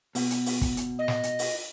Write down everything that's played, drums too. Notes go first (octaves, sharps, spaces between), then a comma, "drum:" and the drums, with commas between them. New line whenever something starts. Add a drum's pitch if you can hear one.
B2, drum: open hi-hat
drum: hi-hat
drum: open hi-hat
drum: kick, hi-hat
drum: hi-hat
D#5
drum: snare
drum: hi-hat
drum: open hi-hat